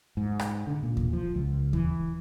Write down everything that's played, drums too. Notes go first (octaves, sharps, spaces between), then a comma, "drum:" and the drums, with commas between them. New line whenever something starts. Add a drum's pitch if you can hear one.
G#2
drum: rim click
D3
A#2
drum: kick D#2
F3
C#2
E3, drum: kick D#2